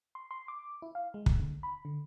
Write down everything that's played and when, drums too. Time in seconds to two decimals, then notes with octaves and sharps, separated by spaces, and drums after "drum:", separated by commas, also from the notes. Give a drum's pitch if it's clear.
0.15 C6
0.31 C6
0.48 D6
0.82 E4
0.95 F5
1.14 G#3
1.26 drum: kick
1.40 D3
1.63 B5
1.85 D3